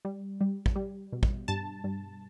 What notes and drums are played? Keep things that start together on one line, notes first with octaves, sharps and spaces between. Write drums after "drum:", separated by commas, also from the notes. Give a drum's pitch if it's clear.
G3
G3
drum: kick
G3
B2
drum: kick
G2 A5
G2